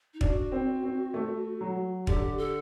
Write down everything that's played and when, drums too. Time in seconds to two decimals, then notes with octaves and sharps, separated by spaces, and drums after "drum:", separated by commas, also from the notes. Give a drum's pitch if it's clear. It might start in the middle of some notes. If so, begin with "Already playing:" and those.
0.14 D#4
0.21 D4 F#4, drum: kick
0.52 C4
0.83 C4
1.14 A3
1.61 F#3
2.07 D3 G4, drum: kick
2.38 A4